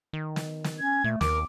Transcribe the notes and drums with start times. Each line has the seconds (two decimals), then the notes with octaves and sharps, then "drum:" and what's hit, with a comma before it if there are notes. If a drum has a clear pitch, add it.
0.13 D#3
0.36 drum: snare
0.64 drum: snare
0.79 C#4 G#6
1.04 A#2 A3
1.21 D#2 A#4 D6, drum: snare